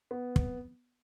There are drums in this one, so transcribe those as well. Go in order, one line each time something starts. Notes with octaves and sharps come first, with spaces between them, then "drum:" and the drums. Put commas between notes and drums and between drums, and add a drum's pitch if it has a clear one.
B3
drum: kick